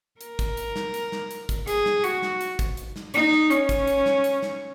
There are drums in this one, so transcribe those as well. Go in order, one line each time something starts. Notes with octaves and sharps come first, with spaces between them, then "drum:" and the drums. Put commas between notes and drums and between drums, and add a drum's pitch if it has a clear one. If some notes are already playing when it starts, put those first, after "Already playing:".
A#4, drum: hi-hat
drum: kick, hi-hat
drum: hi-hat
drum: snare
drum: hi-hat
drum: snare
drum: hi-hat
drum: kick, hi-hat
G#4, drum: hi-hat
drum: snare
F#4, drum: hi-hat
drum: snare
drum: hi-hat
drum: kick, hi-hat
drum: hi-hat
drum: snare
D#4, drum: hi-hat
drum: snare
C#4, drum: hi-hat
drum: kick, hi-hat
drum: hi-hat
drum: snare
drum: hi-hat
drum: snare